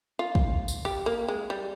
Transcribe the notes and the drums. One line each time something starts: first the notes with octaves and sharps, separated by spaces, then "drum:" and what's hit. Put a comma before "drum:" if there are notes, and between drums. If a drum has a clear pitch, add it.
F4
drum: kick
drum: tambourine
G4
A#3
G#3
G3